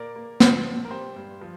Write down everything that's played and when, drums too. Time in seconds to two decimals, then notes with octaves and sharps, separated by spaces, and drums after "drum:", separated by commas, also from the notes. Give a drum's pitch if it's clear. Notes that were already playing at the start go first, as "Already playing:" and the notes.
Already playing: A#2 A#3 A#4 D5
0.15 A#3
0.40 F3, drum: snare
0.66 A#2
0.85 A#4
0.91 G3 G4 C5
1.16 G2
1.41 F3